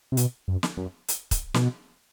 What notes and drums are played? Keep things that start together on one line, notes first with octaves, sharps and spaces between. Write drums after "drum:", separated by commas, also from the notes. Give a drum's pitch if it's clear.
C3
B2, drum: hi-hat
F#2
drum: snare
F#2
drum: hi-hat
drum: kick, hi-hat
B2, drum: snare